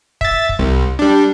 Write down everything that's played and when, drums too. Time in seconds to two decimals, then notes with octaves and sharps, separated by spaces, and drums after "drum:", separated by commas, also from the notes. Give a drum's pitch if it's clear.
0.21 E5 A6, drum: kick
0.49 drum: kick
0.59 C2
0.99 G3 D4